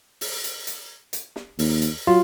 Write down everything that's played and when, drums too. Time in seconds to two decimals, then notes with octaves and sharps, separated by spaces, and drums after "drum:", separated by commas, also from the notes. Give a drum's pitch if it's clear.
0.21 drum: open hi-hat
0.44 drum: hi-hat
0.67 drum: hi-hat
1.13 drum: hi-hat
1.36 drum: snare
1.59 D#2, drum: open hi-hat
1.82 drum: hi-hat
2.07 F#3 F4